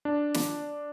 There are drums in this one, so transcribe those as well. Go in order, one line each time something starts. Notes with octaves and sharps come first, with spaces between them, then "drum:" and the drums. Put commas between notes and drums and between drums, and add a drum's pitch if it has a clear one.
D4
drum: snare